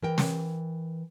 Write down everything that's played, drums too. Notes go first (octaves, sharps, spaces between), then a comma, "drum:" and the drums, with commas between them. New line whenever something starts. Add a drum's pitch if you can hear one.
E3 A#4 G5
drum: snare